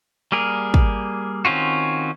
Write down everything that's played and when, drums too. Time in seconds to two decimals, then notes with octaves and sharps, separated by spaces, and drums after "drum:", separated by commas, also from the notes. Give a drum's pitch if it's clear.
0.32 G3 A#3 G#4 A#4
0.74 drum: kick
1.45 D#3 C4 C#4 F4 F#4